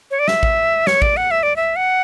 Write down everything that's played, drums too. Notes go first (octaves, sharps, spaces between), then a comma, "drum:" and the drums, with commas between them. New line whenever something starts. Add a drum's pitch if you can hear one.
C#5
D5
E5, drum: snare
drum: kick
C#5, drum: snare
D5, drum: kick
F#5
E5
D5
E5
F#5